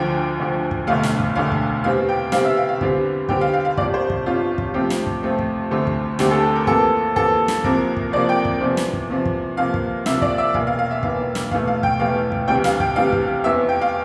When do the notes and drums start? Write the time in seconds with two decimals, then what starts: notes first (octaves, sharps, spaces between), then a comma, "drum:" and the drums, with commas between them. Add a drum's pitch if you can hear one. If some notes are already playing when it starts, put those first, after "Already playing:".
Already playing: D2 D3 F3 G5
0.39 D2 D3 F3
0.71 drum: kick
0.87 E1 D2 D3 A3 F5
1.03 drum: snare
1.20 drum: kick
1.35 E1 D2 D3 A3 F5
1.52 drum: kick
1.84 E2 C3 G3 C4 F5
2.09 G5
2.32 E2 C3 G3 C4 F5, drum: snare
2.45 E5
2.57 F5
2.69 F5
2.81 E2 D3 G3 C4, drum: kick
3.29 E2 D3 G3 C4 G5, drum: kick
3.41 F5
3.53 F5
3.65 F5
3.77 G1 F2 C3 G3 D5, drum: kick
3.94 C5
4.10 drum: kick
4.26 G1 F2 C3 G3 F4
4.58 drum: kick
4.74 F2 C3 F3 A3 C4 G4
4.90 drum: snare
5.06 drum: kick
5.23 F2 C3 F3 A3 C4
5.39 drum: kick
5.71 D2 D3 A3 C4
5.87 drum: kick
6.19 D2 D3 A3 C4 G4, drum: snare
6.31 A4
6.56 A#4
6.67 F2 E3 A#3 A4, drum: kick
7.16 F2 E3 A#3 A4, drum: kick
7.48 drum: snare
7.64 C2 C3 F3 A#3 A#4, drum: kick
7.97 drum: kick
8.12 C2 C3 F3 A#3 D5
8.29 G5
8.45 drum: kick
8.60 E2 C3 F3
8.77 drum: snare
8.93 drum: kick
9.09 E2 C3 F3
9.26 drum: kick
9.57 C2 C3 F3 A#3 F5
9.74 drum: kick
10.06 C2 C3 F3 A#3 E5, drum: snare
10.22 D5, drum: kick
10.38 E5
10.54 E1 E2 E3 A#3 F5, drum: kick
10.67 F5
10.79 F5
10.91 E5
11.03 E1 E2 E3 A#3 F5, drum: kick
11.35 drum: snare
11.52 E1 E2 E3 A3 F5, drum: kick
11.67 F5
11.83 G5, drum: kick
12.00 E1 E2 E3 A3 F5
12.32 drum: kick
12.48 D2 C3 E3 G3 G5
12.64 F5, drum: snare
12.80 G5, drum: kick
12.96 D2 C3 E3 G3 F5
13.12 drum: kick
13.44 F1 E2 E3 E5
13.69 G5
13.81 F5